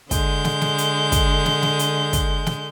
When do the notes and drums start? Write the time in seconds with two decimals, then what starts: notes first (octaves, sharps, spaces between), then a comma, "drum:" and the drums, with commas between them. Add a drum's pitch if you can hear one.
0.11 D3 G#3 G6, drum: kick, hi-hat
0.45 drum: snare
0.61 drum: snare
0.78 drum: hi-hat
1.12 drum: kick, hi-hat
1.46 drum: snare
1.62 drum: snare
1.79 drum: hi-hat
2.13 drum: kick, hi-hat
2.46 drum: snare